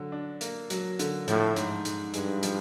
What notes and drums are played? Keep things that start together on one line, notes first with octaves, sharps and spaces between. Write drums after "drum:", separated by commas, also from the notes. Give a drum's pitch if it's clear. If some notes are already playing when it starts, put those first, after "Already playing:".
Already playing: D3 F#3
D4
A#3, drum: hi-hat
F#3, drum: hi-hat
D3, drum: hi-hat
A2 F3, drum: hi-hat
G#2, drum: hi-hat
G#2, drum: hi-hat
G2 G#3, drum: hi-hat
F3, drum: hi-hat